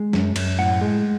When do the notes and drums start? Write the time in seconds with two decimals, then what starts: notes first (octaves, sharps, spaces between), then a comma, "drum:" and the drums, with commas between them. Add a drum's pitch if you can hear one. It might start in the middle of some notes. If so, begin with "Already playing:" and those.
Already playing: G#3
0.13 F#2, drum: snare
0.36 F#2, drum: cymbal
0.59 A2 F#5
0.81 G#3